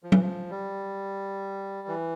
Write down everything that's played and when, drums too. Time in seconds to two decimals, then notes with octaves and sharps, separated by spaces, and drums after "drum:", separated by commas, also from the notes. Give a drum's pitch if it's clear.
0.03 F3
0.12 E3, drum: tom F#3
0.20 F3
0.50 G3
1.88 E3